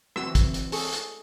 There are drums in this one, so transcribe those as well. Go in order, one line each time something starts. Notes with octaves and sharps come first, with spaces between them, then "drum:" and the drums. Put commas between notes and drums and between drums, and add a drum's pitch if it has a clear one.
E3 C4 F#4 E6, drum: rim click
drum: kick, hi-hat
drum: hi-hat
G#4 A4 C#6, drum: open hi-hat
drum: hi-hat